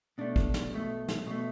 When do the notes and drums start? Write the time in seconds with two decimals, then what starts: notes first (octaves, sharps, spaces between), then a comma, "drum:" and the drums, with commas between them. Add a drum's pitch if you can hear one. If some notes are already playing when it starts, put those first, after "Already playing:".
0.18 B2 A3 D4
0.36 drum: kick
0.54 drum: snare
0.73 B2 A3
1.08 drum: snare
1.27 B2 A3